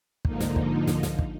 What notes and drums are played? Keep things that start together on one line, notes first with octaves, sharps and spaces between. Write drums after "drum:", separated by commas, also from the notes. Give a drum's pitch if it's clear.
G#2 D3 F3 A#3 D#4, drum: kick
drum: snare
drum: kick
drum: snare
drum: snare
drum: kick